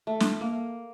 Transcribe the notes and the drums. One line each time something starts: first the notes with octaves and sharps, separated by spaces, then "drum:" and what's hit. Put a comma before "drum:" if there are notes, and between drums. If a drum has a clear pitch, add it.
A3
drum: snare
A#3